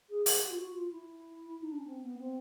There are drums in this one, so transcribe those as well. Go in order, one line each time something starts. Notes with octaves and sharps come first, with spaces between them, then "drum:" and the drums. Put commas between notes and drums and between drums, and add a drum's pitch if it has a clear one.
G#4
G#4, drum: open hi-hat
G4
F4
F#4
F4
E4
D#4
D4
C#4
C4
B3
C4